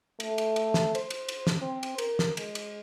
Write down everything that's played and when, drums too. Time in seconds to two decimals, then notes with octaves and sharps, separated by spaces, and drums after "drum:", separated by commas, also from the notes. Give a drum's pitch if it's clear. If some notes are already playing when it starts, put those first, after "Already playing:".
0.20 A3, drum: cymbal
0.38 drum: cymbal
0.56 drum: cymbal
0.74 drum: snare
0.95 C5, drum: cymbal
1.10 drum: cymbal
1.29 drum: cymbal
1.47 drum: snare
1.62 C4
1.83 drum: cymbal
1.98 A#4, drum: cymbal
2.19 drum: snare
2.37 G#3, drum: cymbal
2.55 drum: cymbal